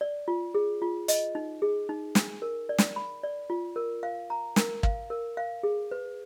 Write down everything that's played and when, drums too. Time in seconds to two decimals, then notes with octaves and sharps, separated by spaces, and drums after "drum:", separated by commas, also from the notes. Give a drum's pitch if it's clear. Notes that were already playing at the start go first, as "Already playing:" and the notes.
0.01 D5
0.28 F4
0.55 G#4
0.82 F4
1.08 D#5, drum: hi-hat
1.35 D#4
1.62 G#4
1.89 D#4
2.15 G#5, drum: snare
2.42 A#4
2.69 D5
2.78 drum: snare
2.96 B5
3.23 D5
3.50 F4
3.76 A#4
4.03 F5
4.30 A#5
4.56 A#4, drum: snare
4.83 F5, drum: kick
5.10 A#4
5.37 F5
5.63 G#4
5.91 B4